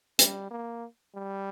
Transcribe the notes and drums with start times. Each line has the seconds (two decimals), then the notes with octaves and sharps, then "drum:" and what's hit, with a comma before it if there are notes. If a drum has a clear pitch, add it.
0.19 G3, drum: hi-hat
0.51 A#3
1.15 G3